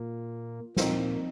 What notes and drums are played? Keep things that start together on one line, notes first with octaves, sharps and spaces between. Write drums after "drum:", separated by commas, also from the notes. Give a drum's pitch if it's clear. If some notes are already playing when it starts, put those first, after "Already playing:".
Already playing: A#2 A#3 F4
A#2 F3 A#3 C4 D#4, drum: snare